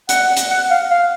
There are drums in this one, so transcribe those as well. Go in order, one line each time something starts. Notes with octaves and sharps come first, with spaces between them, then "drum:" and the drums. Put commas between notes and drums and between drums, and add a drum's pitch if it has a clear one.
F#5, drum: hi-hat
drum: hi-hat
F#5
F5
F5